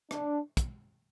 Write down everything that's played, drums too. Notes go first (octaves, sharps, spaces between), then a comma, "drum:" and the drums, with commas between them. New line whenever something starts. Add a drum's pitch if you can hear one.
D4, drum: rim click
drum: kick, hi-hat